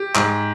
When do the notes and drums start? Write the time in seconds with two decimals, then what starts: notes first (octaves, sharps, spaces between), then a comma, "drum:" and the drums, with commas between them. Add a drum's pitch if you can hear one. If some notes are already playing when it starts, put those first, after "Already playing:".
Already playing: G4
0.15 G#2, drum: clap